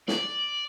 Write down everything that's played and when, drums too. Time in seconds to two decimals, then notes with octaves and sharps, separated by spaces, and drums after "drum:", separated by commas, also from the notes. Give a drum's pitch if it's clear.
0.08 D5, drum: snare